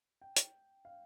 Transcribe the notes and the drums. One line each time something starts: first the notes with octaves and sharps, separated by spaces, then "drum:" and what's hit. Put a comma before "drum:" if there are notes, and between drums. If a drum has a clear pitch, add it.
G5
drum: hi-hat
F5